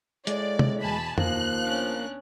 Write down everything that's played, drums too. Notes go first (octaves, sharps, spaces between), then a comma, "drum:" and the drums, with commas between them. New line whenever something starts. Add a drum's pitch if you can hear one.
A2 G#3 D5, drum: hi-hat
drum: tom
E2 B2 G#5 A5 B5
D#2 F3 A#3 F#6, drum: tom F2
B3 C#4 D4